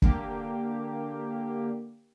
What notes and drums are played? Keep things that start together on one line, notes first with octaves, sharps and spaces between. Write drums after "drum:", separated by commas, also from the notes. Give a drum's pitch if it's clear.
D3 A#3 G4, drum: kick